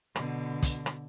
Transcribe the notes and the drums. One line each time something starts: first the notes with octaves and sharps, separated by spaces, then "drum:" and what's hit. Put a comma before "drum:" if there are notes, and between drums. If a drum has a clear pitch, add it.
B2 D3, drum: rim click
drum: kick, hi-hat
drum: rim click